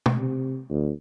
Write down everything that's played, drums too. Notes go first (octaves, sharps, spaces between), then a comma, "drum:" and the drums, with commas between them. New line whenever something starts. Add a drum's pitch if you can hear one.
drum: tom
C3
D2